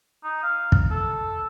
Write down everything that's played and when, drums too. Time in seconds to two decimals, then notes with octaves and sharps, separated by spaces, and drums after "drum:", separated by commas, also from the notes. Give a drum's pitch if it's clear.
0.24 D#4
0.43 F5
0.72 drum: kick
0.91 A4